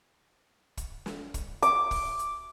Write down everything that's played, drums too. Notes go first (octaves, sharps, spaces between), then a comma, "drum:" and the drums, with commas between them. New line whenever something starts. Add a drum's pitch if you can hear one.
drum: kick, hi-hat
drum: snare
drum: kick, hi-hat
D6, drum: hi-hat
drum: kick, open hi-hat
drum: hi-hat